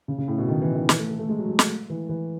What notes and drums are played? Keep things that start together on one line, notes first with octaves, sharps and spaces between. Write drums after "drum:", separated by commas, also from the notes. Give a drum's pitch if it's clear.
C#3
C#3
A2
B2
D#3
E3
D#3
E3, drum: snare
A3
A3
A3
G#3
F#3
G#3
A3, drum: snare
E3
E3